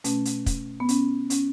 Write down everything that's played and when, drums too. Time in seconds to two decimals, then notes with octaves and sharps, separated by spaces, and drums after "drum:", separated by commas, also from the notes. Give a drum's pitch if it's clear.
0.04 B2 A3 C#4, drum: hi-hat
0.25 drum: hi-hat
0.46 drum: kick, hi-hat
0.80 B3
0.89 C#4, drum: hi-hat
1.30 C#4, drum: hi-hat